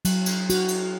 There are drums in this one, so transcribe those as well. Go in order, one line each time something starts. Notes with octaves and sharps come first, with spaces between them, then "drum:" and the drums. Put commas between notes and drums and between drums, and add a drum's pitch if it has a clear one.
F#3, drum: cymbal
drum: cymbal
F#4, drum: cymbal
drum: cymbal